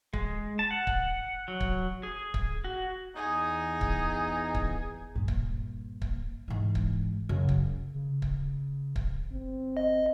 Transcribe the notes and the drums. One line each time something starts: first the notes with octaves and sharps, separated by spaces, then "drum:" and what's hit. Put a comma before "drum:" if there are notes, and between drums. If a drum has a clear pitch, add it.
G#3, drum: kick
A5
F#5
drum: kick
F#3
drum: kick
G#4
drum: kick
F#4
E2 D#4 G#4
drum: kick
drum: kick
G2 A#2
drum: kick
drum: kick
G#2 E3
drum: kick
F#2 C#3
drum: kick
C#3
drum: kick
drum: kick
G1 C4
D#5